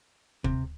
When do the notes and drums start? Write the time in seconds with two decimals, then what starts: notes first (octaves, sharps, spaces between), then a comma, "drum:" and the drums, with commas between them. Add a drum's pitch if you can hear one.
0.44 C3, drum: kick